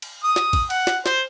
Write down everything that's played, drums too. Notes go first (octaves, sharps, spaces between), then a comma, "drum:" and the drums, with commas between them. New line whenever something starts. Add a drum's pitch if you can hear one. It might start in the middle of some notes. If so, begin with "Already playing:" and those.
drum: cymbal
D#6
drum: snare
drum: kick, cymbal
F#5, drum: cymbal
drum: snare
C5, drum: snare